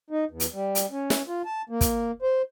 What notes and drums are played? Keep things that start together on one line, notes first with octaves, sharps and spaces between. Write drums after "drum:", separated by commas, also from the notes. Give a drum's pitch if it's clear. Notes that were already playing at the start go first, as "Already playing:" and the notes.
D#4
E2
drum: hi-hat
G3
drum: hi-hat
C#4
drum: snare
F4
A5
A#3
drum: kick, hi-hat
C5